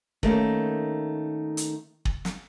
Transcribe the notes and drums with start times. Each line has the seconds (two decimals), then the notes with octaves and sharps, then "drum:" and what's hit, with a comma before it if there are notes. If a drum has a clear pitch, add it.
0.23 D#3 A3 A#3 C#4, drum: kick
1.57 drum: hi-hat
2.05 drum: kick
2.25 drum: snare